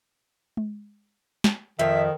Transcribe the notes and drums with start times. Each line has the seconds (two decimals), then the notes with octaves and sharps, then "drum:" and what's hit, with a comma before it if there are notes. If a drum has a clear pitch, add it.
0.57 drum: tom G#3
1.44 drum: snare
1.79 F2 D#3 E5, drum: hi-hat